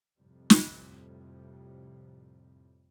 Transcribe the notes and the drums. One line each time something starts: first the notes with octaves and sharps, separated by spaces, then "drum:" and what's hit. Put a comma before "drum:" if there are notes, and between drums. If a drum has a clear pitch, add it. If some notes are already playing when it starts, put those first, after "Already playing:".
F2 A2 C3 G3
drum: snare